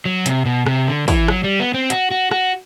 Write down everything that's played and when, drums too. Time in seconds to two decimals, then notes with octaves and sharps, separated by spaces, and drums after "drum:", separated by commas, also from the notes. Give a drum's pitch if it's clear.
0.05 F#3
0.26 C3, drum: hi-hat
0.46 B2
0.66 C3, drum: rim click
0.87 D3
1.08 E3, drum: kick, open hi-hat
1.28 F#3, drum: rim click
1.44 G3
1.60 B3
1.74 C4
1.90 F#4, drum: hi-hat
2.11 F#4
2.31 F#4, drum: rim click